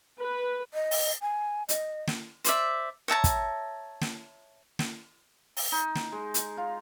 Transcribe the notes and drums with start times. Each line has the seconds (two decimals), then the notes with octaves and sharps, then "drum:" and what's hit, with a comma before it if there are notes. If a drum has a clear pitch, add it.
0.21 B4
0.74 D#5
0.91 drum: open hi-hat
1.21 G#5
1.69 D#5, drum: hi-hat
2.07 drum: snare
2.45 C5 D5 E5, drum: hi-hat
3.08 C#5 E5 A5 A#5
3.24 drum: kick, hi-hat
4.01 drum: snare
4.79 drum: snare
5.57 drum: open hi-hat
5.72 D#4
5.95 drum: snare
6.12 G#3
6.34 drum: hi-hat
6.57 F4